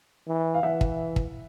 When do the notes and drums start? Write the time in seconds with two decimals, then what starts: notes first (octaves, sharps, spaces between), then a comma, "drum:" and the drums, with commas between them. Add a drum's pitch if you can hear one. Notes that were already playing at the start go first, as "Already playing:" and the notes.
0.27 E3
0.54 F5
0.63 E3 E5 F#5
0.81 drum: kick
1.16 drum: kick